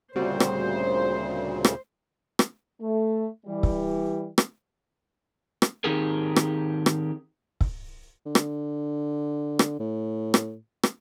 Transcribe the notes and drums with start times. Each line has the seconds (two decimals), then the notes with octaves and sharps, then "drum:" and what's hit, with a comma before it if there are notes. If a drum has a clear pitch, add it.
0.16 D2 A#2 C#3 G3 C4 F#4 C5
0.40 drum: rim click
1.65 drum: rim click
2.39 drum: rim click
2.81 A3
3.47 E3 G3
3.63 drum: kick
4.38 drum: rim click
5.62 drum: rim click
5.84 D#3 C4 D#4 G4 G#4 A#4
6.36 drum: rim click
6.86 drum: rim click
7.61 drum: kick
8.26 D3
8.35 drum: rim click
9.59 drum: rim click
9.79 A2
10.34 drum: rim click
10.83 drum: rim click